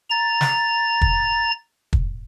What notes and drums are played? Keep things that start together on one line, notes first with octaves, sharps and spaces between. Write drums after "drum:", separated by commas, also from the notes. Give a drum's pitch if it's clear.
A#5 A6
drum: snare
drum: kick
drum: kick